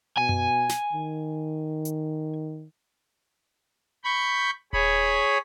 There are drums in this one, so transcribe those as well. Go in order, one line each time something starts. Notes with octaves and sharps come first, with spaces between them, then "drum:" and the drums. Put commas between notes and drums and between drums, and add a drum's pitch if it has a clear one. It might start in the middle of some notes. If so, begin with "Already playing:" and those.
B2 G#5
drum: tom F#2
drum: snare
D#3
drum: hi-hat
B5 C#6 G6
G#4 C#5 B5, drum: kick D#1